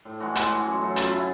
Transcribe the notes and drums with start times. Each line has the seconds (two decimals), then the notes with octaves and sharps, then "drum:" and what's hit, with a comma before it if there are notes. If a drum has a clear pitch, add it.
0.05 A2
0.20 E3 G#3 F#4
0.35 A2 F#4, drum: hi-hat
0.51 E3 G#3
0.66 F#2
0.81 C#3 F#3 A3
0.96 F#2 F4, drum: hi-hat
1.11 C#3 F#3 A3 E4